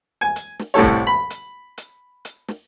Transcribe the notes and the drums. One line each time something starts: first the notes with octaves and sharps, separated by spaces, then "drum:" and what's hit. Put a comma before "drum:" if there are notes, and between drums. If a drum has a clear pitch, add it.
G#5
drum: hi-hat
drum: snare
C2 A2 G3 A4 C#5
drum: kick, hi-hat
B5
drum: hi-hat
drum: hi-hat
drum: hi-hat
drum: snare